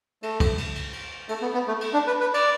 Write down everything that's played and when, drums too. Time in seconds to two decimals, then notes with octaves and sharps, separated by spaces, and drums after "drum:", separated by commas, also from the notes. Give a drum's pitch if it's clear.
0.23 A3, drum: cymbal
0.40 drum: kick, cymbal
0.58 drum: cymbal
0.75 drum: cymbal
0.93 drum: cymbal
1.29 A3, drum: cymbal
1.42 B3
1.54 B3
1.68 A3
1.81 drum: cymbal
1.93 D4
2.07 B4
2.21 B4
2.34 D5, drum: cymbal